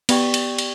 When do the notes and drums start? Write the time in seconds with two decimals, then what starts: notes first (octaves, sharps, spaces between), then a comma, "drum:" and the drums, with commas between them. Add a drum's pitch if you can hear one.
0.09 B3 G4 D5 G5 C#6, drum: cymbal
0.34 drum: cymbal
0.59 drum: cymbal